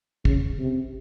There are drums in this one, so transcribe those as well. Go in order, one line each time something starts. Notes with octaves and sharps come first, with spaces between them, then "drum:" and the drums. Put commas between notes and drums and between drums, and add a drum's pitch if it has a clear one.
C#3, drum: kick
C3